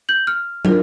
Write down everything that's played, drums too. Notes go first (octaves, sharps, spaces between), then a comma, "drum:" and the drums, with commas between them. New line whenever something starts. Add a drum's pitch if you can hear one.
G6 F#7
F6
D4 F4 A#4, drum: tom